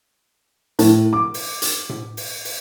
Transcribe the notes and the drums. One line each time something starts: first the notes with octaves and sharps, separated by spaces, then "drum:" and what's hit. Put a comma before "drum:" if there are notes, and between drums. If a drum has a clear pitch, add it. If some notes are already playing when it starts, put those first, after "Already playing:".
A2, drum: hi-hat
D6
drum: open hi-hat
drum: hi-hat
drum: tom A2
drum: open hi-hat
drum: open hi-hat